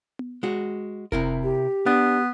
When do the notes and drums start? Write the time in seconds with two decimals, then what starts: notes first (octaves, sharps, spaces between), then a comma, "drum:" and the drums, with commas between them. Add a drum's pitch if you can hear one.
0.19 drum: tom B3
0.43 G#3 F#4
1.12 C3 E4 A#4, drum: kick F1
1.43 G4
1.86 B3 D4